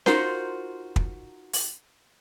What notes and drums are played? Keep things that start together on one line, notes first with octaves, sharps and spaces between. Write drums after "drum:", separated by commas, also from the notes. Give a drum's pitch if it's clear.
D#4 F4 F#4 A#4 C5, drum: snare C#4
drum: kick
drum: open hi-hat